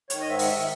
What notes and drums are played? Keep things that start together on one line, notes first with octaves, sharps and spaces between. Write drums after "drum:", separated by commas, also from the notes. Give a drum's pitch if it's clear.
D#3 C#5, drum: hi-hat
G#2 D#5
E5
D#3, drum: open hi-hat
E5